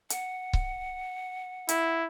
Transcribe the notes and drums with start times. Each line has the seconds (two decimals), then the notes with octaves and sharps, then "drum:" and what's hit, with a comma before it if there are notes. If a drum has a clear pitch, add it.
0.10 F#5, drum: hi-hat
0.53 drum: kick C#1
1.69 E4, drum: hi-hat